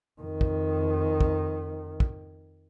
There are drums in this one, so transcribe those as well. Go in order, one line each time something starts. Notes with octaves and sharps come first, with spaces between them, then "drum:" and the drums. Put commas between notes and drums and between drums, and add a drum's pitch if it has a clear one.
F2 D#3
drum: kick
drum: kick
drum: kick